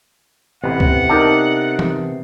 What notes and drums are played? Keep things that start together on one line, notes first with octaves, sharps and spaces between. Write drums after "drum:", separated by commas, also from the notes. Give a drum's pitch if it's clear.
A1 C3 B3 C4 B4 F#5
drum: kick C#2
D4 D#4 G4 A4 A#4 A5
drum: tom E3